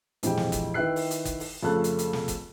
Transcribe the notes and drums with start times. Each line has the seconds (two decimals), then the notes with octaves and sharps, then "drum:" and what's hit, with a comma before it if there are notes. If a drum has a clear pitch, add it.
0.23 A#1 F2 E3 G#3 G4 G5, drum: hi-hat
0.37 drum: snare
0.52 drum: kick F#1, hi-hat
0.74 D#3 E4 B4 G5 F#6 C7
0.96 drum: open hi-hat
1.11 drum: hi-hat
1.25 drum: kick F#1, hi-hat
1.40 drum: open hi-hat
1.63 F2 C#3 A3 A4 A5 F#6
1.84 drum: hi-hat
1.99 drum: hi-hat
2.13 drum: snare
2.28 drum: kick F#1, hi-hat